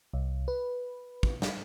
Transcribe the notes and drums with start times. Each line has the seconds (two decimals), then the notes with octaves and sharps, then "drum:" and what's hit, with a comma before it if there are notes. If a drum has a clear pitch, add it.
0.14 C2
0.48 B4
1.23 drum: kick
1.42 drum: snare